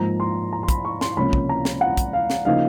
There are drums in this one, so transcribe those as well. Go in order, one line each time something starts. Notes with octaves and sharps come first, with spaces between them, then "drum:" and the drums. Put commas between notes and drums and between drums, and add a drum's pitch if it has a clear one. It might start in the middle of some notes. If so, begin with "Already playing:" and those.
Already playing: G#2 F3 A#3 A#5
C6
A#5
C6
B5, drum: kick, hi-hat
C#6
C6, drum: snare
C#2 C3 F3 A#3 C#4 B5
drum: kick
A#5
drum: snare
F#5
drum: kick, hi-hat
F5
drum: snare
C#3 F3 A#3 D#4 F5